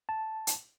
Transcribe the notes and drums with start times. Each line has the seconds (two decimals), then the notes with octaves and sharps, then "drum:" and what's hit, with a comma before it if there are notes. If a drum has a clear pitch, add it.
0.09 A5
0.47 drum: hi-hat